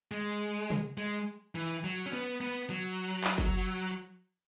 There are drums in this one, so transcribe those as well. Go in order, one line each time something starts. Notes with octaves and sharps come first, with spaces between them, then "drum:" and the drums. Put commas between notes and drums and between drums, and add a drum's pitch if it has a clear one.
G#3
drum: tom
G#3
E3
F#3
C#4
B3
B3
F#3
drum: clap
drum: kick F#1